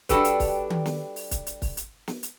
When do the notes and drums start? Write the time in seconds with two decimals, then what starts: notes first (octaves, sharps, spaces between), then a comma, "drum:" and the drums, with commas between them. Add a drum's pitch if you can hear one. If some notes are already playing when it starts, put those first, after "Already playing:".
0.09 G3 D4 F#4 G4 A4 B4, drum: kick, hi-hat
0.25 drum: hi-hat
0.40 drum: kick, open hi-hat
0.70 drum: tom D#3
0.86 drum: snare
1.16 drum: open hi-hat
1.31 drum: kick, hi-hat
1.47 drum: hi-hat
1.62 drum: kick, open hi-hat
1.77 drum: hi-hat
2.08 drum: snare
2.23 drum: hi-hat